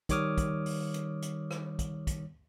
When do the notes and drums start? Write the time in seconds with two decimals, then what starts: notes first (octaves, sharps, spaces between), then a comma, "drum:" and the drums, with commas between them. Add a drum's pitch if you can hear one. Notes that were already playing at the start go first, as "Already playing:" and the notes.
0.09 D#3 G3 C#5 D6 D#6 F6, drum: kick, hi-hat
0.38 drum: kick, hi-hat
0.66 drum: open hi-hat
0.94 drum: hi-hat
1.22 drum: hi-hat
1.51 drum: rim click
1.79 drum: kick, hi-hat
2.07 drum: kick, hi-hat